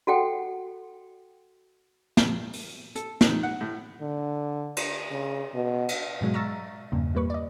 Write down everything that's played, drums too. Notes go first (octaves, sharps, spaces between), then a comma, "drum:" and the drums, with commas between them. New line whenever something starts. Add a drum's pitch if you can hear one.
F#4 A4 F#5 G5
drum: snare
drum: open hi-hat
A4, drum: hi-hat
D#3, drum: snare
F#5
A2
D3
drum: cymbal
C#3
B2
drum: cymbal
G#2 B2 F#3 G#3
A#5 C#6 E6 F6 A6 A#6
E2 G2 A#2 C#3
E2 G3 A#3 B4 C#6
D5 D#5